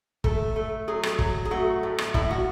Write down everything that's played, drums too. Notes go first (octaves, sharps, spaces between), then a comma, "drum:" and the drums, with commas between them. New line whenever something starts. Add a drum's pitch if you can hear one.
A3 A4, drum: kick
A3
F#3 G#4
drum: rim click
F#3, drum: kick
G#4
A3 F#4
A2
drum: rim click
A2 E4, drum: kick
F#4